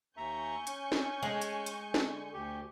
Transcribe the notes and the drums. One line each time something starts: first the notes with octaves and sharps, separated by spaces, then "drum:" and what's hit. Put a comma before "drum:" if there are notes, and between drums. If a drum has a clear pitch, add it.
D#2 E5 G#5 A#5 C#6 G6
C#4, drum: hi-hat
drum: snare
G#3
drum: hi-hat
drum: hi-hat
D3, drum: snare
D2 G4